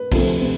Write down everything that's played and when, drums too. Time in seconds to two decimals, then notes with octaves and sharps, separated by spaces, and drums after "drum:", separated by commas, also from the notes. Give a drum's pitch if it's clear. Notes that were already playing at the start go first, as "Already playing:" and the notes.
Already playing: B4
0.12 D2 C3 F3 A3 C4, drum: kick, open hi-hat
0.42 C3